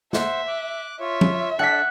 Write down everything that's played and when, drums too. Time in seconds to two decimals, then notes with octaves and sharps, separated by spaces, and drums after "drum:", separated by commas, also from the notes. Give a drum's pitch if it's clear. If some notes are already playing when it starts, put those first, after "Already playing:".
0.13 C5 E5 F#5, drum: snare
0.48 D6 F#6
1.00 F4 C#5 E5
1.21 drum: tom F3
1.59 D4 A4 F#5 B6